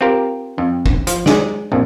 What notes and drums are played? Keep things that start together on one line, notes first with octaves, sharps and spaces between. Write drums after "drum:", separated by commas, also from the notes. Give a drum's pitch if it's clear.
C4 F4 G4 A#4
F2
drum: kick
F3, drum: hi-hat
G#3 G#4 D5, drum: snare
A#1 F2